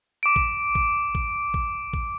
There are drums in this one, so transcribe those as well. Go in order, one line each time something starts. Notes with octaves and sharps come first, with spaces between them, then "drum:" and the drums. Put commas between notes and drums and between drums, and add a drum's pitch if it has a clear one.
D6 D7
drum: kick A1
drum: kick A1
drum: kick A1
drum: kick A1
drum: kick A1